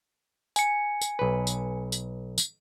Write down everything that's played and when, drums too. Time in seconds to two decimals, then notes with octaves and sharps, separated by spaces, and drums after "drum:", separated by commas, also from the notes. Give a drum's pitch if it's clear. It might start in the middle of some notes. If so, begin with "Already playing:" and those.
0.56 G#5 C#7, drum: tambourine
1.01 drum: tambourine
1.19 B1 B4
1.47 drum: tambourine
1.92 drum: tambourine
2.38 drum: tambourine